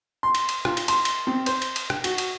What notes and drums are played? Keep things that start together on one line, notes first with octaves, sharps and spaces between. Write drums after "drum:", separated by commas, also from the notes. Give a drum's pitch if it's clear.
C6
drum: cymbal
drum: cymbal
F4, drum: rim click
drum: cymbal
C6, drum: cymbal
drum: cymbal
C4
C5, drum: cymbal
drum: cymbal
drum: cymbal
drum: rim click
F#4, drum: cymbal
drum: cymbal